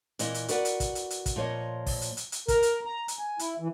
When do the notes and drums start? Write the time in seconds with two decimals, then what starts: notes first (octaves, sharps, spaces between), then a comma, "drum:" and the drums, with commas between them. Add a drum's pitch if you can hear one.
0.19 A#2 E3 D#5, drum: hi-hat
0.34 drum: hi-hat
0.48 F#4 A#4 B4 D5 F#5, drum: hi-hat
0.65 drum: hi-hat
0.80 drum: kick, hi-hat
0.95 drum: hi-hat
1.10 drum: hi-hat
1.26 drum: kick, hi-hat
1.36 A#2 F3 C#5 D#5
1.87 drum: kick, open hi-hat
2.02 drum: hi-hat
2.17 drum: hi-hat
2.32 drum: hi-hat
2.48 A#4, drum: kick, hi-hat
2.63 drum: hi-hat
2.85 A#5
3.08 drum: hi-hat
3.19 G#5
3.39 E4, drum: hi-hat
3.60 E3